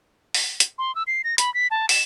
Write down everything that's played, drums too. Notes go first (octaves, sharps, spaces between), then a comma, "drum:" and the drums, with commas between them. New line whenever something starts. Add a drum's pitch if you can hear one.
drum: open hi-hat
drum: hi-hat
C6
E6
C7
A#6
B5, drum: hi-hat
B6
A5
E7, drum: open hi-hat